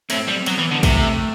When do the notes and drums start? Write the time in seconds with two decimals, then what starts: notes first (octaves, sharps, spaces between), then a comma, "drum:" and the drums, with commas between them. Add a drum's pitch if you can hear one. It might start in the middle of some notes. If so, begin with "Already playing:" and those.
0.10 A2 C4, drum: cymbal
0.28 G3
0.46 F#3 B3, drum: cymbal
0.58 E3
0.71 D3
0.76 G3
0.83 C3 A3, drum: kick, cymbal